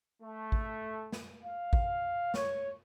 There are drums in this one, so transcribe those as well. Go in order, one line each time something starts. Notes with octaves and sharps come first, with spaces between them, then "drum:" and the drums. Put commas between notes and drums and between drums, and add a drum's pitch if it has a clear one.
A3
drum: kick
drum: snare
F5
drum: kick
C#5, drum: snare